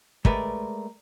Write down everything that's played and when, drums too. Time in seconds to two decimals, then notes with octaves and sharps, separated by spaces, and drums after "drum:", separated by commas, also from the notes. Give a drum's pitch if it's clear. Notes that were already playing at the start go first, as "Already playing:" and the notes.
0.25 G#3 A3 A#4 B4 D5, drum: kick